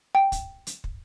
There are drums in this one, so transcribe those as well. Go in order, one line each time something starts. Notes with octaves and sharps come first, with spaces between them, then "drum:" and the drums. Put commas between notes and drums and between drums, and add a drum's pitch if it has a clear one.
G5
drum: kick, hi-hat
drum: hi-hat
drum: kick